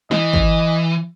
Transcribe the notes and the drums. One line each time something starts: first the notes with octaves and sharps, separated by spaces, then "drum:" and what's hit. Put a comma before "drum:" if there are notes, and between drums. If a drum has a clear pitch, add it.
E3 D#5, drum: snare
drum: kick